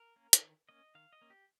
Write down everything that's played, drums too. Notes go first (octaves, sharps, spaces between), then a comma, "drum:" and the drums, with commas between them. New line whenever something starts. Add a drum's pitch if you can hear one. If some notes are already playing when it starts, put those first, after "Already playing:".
Already playing: A#4
A#3 C#4
drum: hi-hat
D#3
A#3 C#4 D#5
D#3 F5
D#5
A#3 C#4
G4